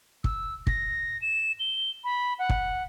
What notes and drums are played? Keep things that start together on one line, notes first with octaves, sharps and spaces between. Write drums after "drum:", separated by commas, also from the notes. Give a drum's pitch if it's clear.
E6, drum: kick
A#6, drum: kick
E7
G7
B5
F#5
drum: kick